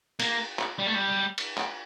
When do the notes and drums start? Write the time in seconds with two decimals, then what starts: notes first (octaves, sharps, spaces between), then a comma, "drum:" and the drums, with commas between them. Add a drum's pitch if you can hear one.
0.20 A#3, drum: cymbal
0.59 drum: clap
0.79 G3
0.87 A3
0.95 G3
1.38 drum: cymbal
1.58 drum: clap